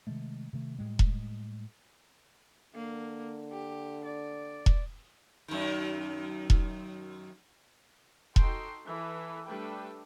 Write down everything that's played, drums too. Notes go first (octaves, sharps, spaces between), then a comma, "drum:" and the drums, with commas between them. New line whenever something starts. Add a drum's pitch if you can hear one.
C3 D#3 G#3 A3
C3 D#3 A3
A2 G3 G#3
drum: kick E1
D3 A#3
G4
D5
drum: kick E1
F#2 D#3
drum: kick E1
D#4 F#4 A4 G5 C6, drum: kick E1
E3 A4 B4
G3 A3 D4 A4 B4 G5